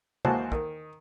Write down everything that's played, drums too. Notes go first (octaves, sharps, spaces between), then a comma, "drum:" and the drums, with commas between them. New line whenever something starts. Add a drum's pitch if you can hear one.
D#2 E3 G#3 F#4 C5 A5, drum: tom
D#3, drum: kick